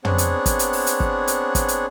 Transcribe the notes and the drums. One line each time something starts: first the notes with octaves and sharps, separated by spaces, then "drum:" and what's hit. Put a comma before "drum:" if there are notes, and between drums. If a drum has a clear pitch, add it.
B3 C4 D4 G#4 C#5 F#5, drum: tom
drum: hi-hat
drum: kick, hi-hat
drum: hi-hat
drum: open hi-hat
drum: hi-hat
drum: kick
drum: hi-hat
drum: kick, hi-hat
drum: hi-hat